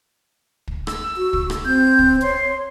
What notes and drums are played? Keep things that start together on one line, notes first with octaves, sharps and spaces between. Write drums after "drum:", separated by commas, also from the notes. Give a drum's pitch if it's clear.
drum: kick
E6, drum: rim click
F#4
drum: kick
drum: rim click
C4 G6
drum: kick
C#5 C6